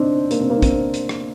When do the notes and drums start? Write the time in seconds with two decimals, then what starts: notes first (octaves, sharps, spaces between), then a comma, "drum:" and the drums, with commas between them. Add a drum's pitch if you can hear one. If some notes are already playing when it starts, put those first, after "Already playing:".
Already playing: C4 D4 D#4
0.31 A#3, drum: hi-hat
0.41 C4
0.50 A#3
0.57 D4
0.62 C4, drum: kick, hi-hat
0.94 drum: hi-hat
1.09 drum: rim click